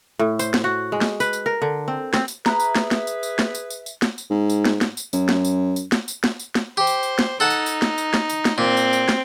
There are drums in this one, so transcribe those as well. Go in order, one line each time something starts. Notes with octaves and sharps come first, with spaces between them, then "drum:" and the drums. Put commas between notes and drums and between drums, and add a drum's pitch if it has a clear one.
A2
C5, drum: tambourine
drum: snare
F#4
G#3
drum: snare
B4, drum: tambourine
drum: tambourine
A#4
D3
C4
C4, drum: snare
drum: tambourine
G#4 B4 E5 A#5 B5 F#6, drum: snare
drum: tambourine
drum: snare
drum: snare
drum: tambourine
drum: tambourine
drum: snare
drum: tambourine
drum: tambourine
drum: tambourine
drum: snare
drum: tambourine
G#2
drum: tambourine
drum: snare
drum: snare
drum: tambourine
F#2, drum: tambourine
drum: snare
drum: tambourine
drum: tambourine
drum: snare
drum: tambourine
drum: snare
drum: tambourine
drum: snare
G4 C5
drum: tambourine
drum: tambourine
drum: snare
D#4 A4 F#5 A5
drum: tambourine
drum: tambourine
drum: snare
drum: tambourine
drum: snare
drum: tambourine
drum: snare
A#2 C4
drum: tambourine
drum: tambourine
drum: snare